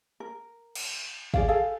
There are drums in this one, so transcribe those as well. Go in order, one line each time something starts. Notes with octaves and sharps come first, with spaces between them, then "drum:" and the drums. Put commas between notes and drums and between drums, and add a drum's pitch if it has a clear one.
A#4
drum: cymbal
G#4 D5 F5, drum: kick
G#4 A4 F5